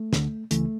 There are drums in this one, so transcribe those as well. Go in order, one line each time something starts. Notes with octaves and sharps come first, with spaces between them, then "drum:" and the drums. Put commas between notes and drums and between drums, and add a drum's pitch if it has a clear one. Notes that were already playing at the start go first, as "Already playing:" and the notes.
Already playing: A3
D2 D3, drum: snare
C#2 C#3 E3 A3, drum: hi-hat